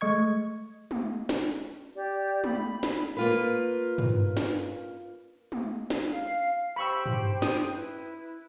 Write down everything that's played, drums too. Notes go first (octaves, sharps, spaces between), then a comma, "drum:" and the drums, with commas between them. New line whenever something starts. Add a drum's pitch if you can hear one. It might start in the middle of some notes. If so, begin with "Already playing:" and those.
G#3 A3 D#5 C#6 G#6
drum: tom G#3
drum: snare
G4 D5
B5, drum: tom G#3
drum: snare
A#3 F4 B4
drum: tom G2
drum: snare
drum: tom G#3
drum: snare
F5
G4 C5 G5 B5 C#6 E6
drum: tom G2
D#6, drum: snare
E4 B4